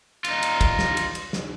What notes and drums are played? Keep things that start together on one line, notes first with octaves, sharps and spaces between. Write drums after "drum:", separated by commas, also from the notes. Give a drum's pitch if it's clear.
D#4 F4, drum: cymbal
drum: cymbal
drum: kick, cymbal
drum: snare
drum: cymbal
drum: cymbal
drum: snare